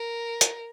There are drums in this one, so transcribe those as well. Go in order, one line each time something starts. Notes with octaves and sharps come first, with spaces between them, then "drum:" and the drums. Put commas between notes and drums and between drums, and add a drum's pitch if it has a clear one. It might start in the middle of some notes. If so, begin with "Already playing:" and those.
Already playing: A#4
drum: hi-hat